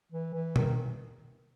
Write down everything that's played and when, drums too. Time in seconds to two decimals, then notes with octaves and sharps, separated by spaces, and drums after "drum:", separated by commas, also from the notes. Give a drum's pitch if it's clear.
0.12 E3
0.34 E3
0.56 D#3, drum: tom